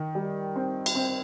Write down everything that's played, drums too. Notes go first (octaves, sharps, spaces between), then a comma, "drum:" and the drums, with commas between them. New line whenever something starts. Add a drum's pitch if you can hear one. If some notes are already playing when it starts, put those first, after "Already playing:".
Already playing: D#3
G3
C4
drum: cymbal
C4